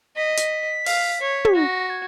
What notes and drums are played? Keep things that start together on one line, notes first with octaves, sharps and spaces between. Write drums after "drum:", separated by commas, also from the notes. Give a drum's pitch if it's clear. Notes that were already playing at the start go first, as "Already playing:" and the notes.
D#5 B6
drum: hi-hat
F5, drum: open hi-hat
C#5
drum: tom
F#4 A#6
G#6